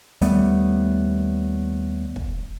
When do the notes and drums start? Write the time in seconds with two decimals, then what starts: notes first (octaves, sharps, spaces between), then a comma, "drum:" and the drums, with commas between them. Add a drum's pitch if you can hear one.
0.21 D#2 G3 A3 B3, drum: hi-hat
2.16 drum: kick